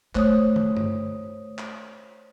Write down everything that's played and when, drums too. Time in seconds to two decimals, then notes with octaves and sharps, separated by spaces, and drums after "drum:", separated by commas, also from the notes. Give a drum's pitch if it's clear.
0.15 A3 C5 C#5 D#6, drum: clap
0.56 drum: tom
0.77 drum: tom G2
1.58 drum: clap